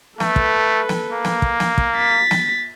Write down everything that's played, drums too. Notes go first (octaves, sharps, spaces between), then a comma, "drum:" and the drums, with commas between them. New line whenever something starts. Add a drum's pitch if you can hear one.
A3 A4 B4, drum: snare
drum: kick
drum: snare
A#3
drum: snare
drum: kick
drum: snare
drum: kick
A6 B6
drum: snare